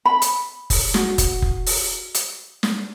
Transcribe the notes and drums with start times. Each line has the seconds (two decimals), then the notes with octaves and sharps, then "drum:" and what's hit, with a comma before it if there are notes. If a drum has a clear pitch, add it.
0.06 B5
0.22 drum: hi-hat
0.70 drum: kick F1, open hi-hat
0.94 F#4, drum: snare
1.18 drum: kick F1, hi-hat
1.42 drum: kick F1
1.66 drum: open hi-hat
2.15 drum: hi-hat
2.63 drum: snare